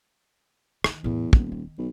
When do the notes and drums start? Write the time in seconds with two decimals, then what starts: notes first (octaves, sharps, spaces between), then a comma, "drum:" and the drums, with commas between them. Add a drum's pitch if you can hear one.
0.84 D#3, drum: rim click
1.04 E2 A2 A3
1.33 D#1 B3, drum: kick
1.52 D#3
1.78 B1